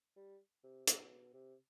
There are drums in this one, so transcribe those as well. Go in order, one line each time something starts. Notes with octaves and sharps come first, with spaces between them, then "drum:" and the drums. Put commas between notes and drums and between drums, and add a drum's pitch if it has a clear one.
G3
C3
B2, drum: hi-hat
C3